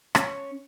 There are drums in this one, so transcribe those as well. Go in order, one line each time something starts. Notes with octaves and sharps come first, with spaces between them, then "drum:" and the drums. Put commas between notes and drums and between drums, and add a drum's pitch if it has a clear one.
C#4, drum: rim click